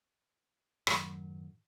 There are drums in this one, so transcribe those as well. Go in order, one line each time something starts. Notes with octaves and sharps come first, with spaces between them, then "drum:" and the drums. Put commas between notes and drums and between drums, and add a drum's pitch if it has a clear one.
F#2 A2 D#3 F#3, drum: rim click